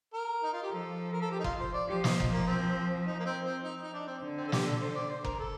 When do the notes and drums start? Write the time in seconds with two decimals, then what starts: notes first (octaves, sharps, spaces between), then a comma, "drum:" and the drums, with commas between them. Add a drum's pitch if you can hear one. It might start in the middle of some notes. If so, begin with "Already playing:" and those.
0.14 A#4
0.44 D#4
0.53 F4
0.62 G4
0.72 F3 A4
1.13 A#4
1.22 A4
1.31 G4
1.39 D#4
1.44 F4, drum: kick F#1
1.60 C5
1.74 D5
1.88 F3 G4
2.04 D#4, drum: snare
2.20 drum: kick F#1
2.32 A#3
2.47 C4
3.06 D#4
3.20 A#3
3.26 C4
3.45 C4
3.64 D#4
3.83 D#4
3.93 D4
4.07 C4
4.23 D3
4.37 C4
4.47 A4
4.52 G4, drum: snare
4.66 A4
4.81 C5
4.95 D5
5.09 C5
5.24 A#4, drum: kick F#1
5.39 A4